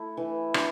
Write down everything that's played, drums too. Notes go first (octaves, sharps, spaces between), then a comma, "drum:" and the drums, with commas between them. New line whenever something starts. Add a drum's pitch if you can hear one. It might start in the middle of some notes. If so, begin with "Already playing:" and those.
Already playing: A3 E4
E3
D4, drum: rim click